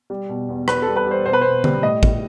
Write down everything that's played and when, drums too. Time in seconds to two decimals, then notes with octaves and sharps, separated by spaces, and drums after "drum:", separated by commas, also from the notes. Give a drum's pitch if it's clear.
0.10 G3
0.29 B2
0.49 E2
0.68 E2 B4, drum: rim click
0.82 A4
0.87 G3
0.96 B4
1.07 G3 C5
1.26 B2 C5
1.33 B4
1.41 B2 C5
1.64 G3, drum: tom D3
1.83 A2 D#5
2.03 A2, drum: kick